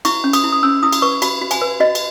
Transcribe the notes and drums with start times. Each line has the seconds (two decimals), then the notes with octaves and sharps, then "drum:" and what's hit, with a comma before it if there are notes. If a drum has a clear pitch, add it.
0.05 E4 C#6, drum: cymbal
0.24 C#4
0.33 D#6, drum: cymbal
0.44 E4
0.52 D#6
0.63 C#4 E6
0.83 E4 D#6
0.93 drum: cymbal
1.02 B4 C#6
1.22 F#4 B5, drum: cymbal
1.41 F#4
1.51 G#5, drum: cymbal
1.62 B4
1.80 F#4 D#5
1.95 drum: cymbal